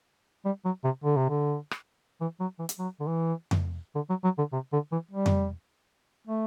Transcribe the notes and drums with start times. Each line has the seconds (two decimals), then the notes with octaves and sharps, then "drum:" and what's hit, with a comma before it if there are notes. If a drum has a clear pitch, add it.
0.45 G3
0.65 F#3
0.84 C3
1.04 D3
1.17 C3
1.29 D3
1.71 drum: rim click
2.21 E3
2.40 F#3
2.59 E3
2.69 drum: hi-hat
2.79 F#3
3.00 D3
3.07 E3
3.51 drum: tom F2
3.95 D3
4.09 F#3
4.24 F#3
4.38 D3
4.52 C3
4.72 D3
4.92 E3
5.11 G3
5.26 drum: tom F2
6.27 A3